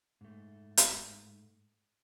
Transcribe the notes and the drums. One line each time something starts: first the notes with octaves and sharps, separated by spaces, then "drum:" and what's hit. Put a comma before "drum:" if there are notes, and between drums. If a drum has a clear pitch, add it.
G#2 A3
drum: hi-hat